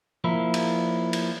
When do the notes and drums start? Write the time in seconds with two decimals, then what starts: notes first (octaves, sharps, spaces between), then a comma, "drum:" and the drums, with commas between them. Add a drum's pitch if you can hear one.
0.24 F3 A#3 E4
0.54 drum: cymbal
1.13 drum: cymbal